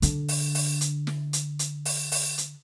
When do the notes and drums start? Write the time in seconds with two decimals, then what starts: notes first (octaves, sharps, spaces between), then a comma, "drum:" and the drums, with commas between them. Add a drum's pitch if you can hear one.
0.02 D3 D4, drum: hi-hat
0.28 drum: open hi-hat
0.55 drum: open hi-hat
0.81 drum: hi-hat
1.07 drum: snare
1.33 drum: hi-hat
1.59 drum: hi-hat
1.85 drum: open hi-hat
2.12 drum: open hi-hat
2.38 drum: hi-hat